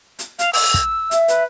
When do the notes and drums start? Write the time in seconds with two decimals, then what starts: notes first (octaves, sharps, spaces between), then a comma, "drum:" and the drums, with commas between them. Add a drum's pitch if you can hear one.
0.19 drum: hi-hat
0.39 F5, drum: hi-hat
0.53 E6, drum: open hi-hat
0.74 drum: kick
1.11 E5, drum: hi-hat
1.28 B4, drum: hi-hat